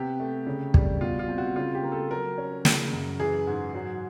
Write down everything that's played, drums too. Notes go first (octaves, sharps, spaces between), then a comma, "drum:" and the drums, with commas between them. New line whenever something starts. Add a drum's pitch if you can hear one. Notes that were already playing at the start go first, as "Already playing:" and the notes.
Already playing: C3 B3 G4
A3
C#3
G3, drum: kick
B2 F4
F4
C4
F#4
C#3 F4
G4
A#3
A4
F#3 A#4
C#4
C#3, drum: snare
F#2
E3 G#4
G#2
F#3